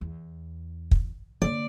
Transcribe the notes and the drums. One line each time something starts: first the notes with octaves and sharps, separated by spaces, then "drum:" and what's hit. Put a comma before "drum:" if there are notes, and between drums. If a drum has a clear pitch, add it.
E2
drum: kick
D3 A#3 D5